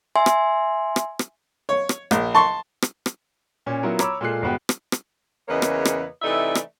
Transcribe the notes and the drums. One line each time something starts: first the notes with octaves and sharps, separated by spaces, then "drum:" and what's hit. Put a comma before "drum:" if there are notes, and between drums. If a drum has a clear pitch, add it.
E5 G#5 C6
drum: rim click
drum: rim click
drum: rim click
C#5
drum: rim click
A#1, drum: rim click
A5 C6 C#6
drum: rim click
drum: rim click
A#2 C#4
F#3 B3 E4 F4 A#4
C#5 A#5 B5 D6 E6, drum: rim click
A#2 G#3 F4 A4 F#6 C7
G1 G#3 B3 F#4 B4 G5
drum: rim click
drum: rim click
E2 C#3 A#3 B4 C#5 D#5
drum: rim click
drum: rim click
C3 E3 A3 D#4 D5 E5
drum: rim click